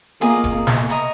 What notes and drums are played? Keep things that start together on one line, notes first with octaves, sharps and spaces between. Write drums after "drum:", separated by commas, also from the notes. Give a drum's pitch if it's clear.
A#3 F4 G#4 D#5 A#5, drum: hi-hat
drum: kick D#1, hi-hat
A#3
drum: snare
A#4 D#5 A#5 C#6, drum: hi-hat